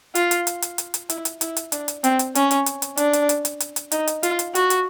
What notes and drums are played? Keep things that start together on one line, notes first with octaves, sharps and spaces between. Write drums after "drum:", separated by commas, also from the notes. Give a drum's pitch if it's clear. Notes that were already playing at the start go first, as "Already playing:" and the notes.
F4, drum: hi-hat
drum: hi-hat
drum: hi-hat
drum: hi-hat
drum: hi-hat
drum: hi-hat
E4, drum: hi-hat
drum: hi-hat
E4, drum: hi-hat
drum: hi-hat
D4, drum: hi-hat
drum: hi-hat
C4, drum: hi-hat
drum: hi-hat
C#4, drum: hi-hat
drum: hi-hat
drum: hi-hat
drum: hi-hat
D4, drum: hi-hat
drum: hi-hat
drum: hi-hat
drum: hi-hat
drum: hi-hat
drum: hi-hat
D#4, drum: hi-hat
drum: hi-hat
F4, drum: hi-hat
drum: hi-hat
F#4, drum: hi-hat
drum: hi-hat